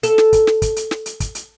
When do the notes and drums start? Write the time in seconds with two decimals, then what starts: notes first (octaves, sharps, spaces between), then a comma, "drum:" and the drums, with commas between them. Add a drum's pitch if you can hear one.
0.03 A4, drum: hi-hat
0.18 drum: snare
0.33 drum: kick, hi-hat
0.47 drum: snare
0.62 drum: kick, hi-hat
0.76 drum: hi-hat
0.91 drum: snare
1.06 drum: hi-hat
1.20 drum: kick, hi-hat
1.35 drum: hi-hat